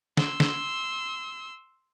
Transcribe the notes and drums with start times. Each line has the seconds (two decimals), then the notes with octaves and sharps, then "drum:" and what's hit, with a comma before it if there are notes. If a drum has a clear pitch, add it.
0.17 C6 E6, drum: snare
0.40 drum: snare